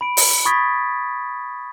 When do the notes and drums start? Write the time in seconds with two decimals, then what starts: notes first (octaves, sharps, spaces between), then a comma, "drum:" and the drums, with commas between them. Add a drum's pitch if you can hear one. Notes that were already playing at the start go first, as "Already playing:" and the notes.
0.01 B5 D7
0.17 drum: open hi-hat
0.45 B5 C#6 D#6 G#6 A6 B6